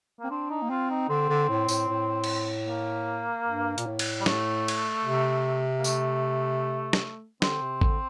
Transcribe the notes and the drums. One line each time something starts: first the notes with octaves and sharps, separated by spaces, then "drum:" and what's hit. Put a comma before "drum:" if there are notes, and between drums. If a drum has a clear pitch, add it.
A#3 C4
C4 D4
D#4
A#3
C4 F4
D#4
D3 C4
D3
A2
A2, drum: tambourine
A2
drum: cymbal
A#3
G2
A#2, drum: hi-hat
A2
drum: cymbal
G3
A3, drum: snare
drum: cymbal
C3
A#3
A3, drum: tambourine
drum: snare
D3 C4, drum: snare
C3
D3, drum: kick A1